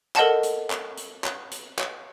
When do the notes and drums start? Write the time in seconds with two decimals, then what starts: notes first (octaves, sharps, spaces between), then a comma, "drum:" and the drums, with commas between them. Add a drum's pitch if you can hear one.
0.16 A4 A#4 D#5 F#5 A5, drum: clap
0.43 drum: hi-hat
0.70 drum: clap
0.97 drum: hi-hat
1.24 drum: clap
1.51 drum: hi-hat
1.79 drum: clap